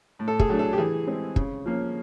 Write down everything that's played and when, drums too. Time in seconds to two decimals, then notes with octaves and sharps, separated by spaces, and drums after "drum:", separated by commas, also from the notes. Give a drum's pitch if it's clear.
0.19 A2
0.28 A4
0.39 G#4, drum: kick
0.49 F#3 A3 D4
0.59 A4
0.73 G4
0.78 E3 G#4
1.07 G#3 C4
1.36 C#3, drum: kick
1.66 F3 A#3 C#4